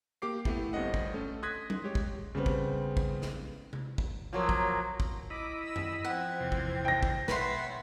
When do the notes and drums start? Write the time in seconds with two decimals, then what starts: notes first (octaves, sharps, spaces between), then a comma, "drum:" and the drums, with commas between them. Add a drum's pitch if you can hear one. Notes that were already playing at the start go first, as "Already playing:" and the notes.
0.22 A#3 G4 D6 C7
0.45 A3 B3 E4 G4, drum: kick
0.73 G1 G2 C4 D#5 F#5
0.94 drum: kick
1.14 A3 C#4 A4
1.43 C6 D#6 F#6 G#6 A#6 B6
1.70 drum: tom F#3
1.84 G#3 G4 C#5
1.95 drum: kick
2.35 C#3 G3 B3 C4
2.46 drum: kick
2.97 drum: kick
3.22 drum: snare
3.73 drum: tom C3
3.98 drum: kick
4.33 F3 F#3 A#3
4.49 drum: kick
5.00 drum: kick
5.30 E4 D#5 B5 D6
5.65 E6
5.76 drum: tom F#2
6.05 F3 C4 F#5 G#6
6.40 E2 C3
6.52 drum: kick
6.85 G5 A#6
7.03 drum: kick
7.28 B2 B4 C#5 E5 F#5 C6, drum: snare